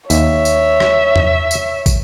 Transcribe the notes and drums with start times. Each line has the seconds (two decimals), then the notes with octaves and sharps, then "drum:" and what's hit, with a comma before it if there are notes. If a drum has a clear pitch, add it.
0.10 D#2 C#5 E5, drum: tambourine
0.45 drum: tambourine
0.80 drum: rim click
1.16 drum: tom E2
1.51 drum: tambourine
1.86 drum: kick, tambourine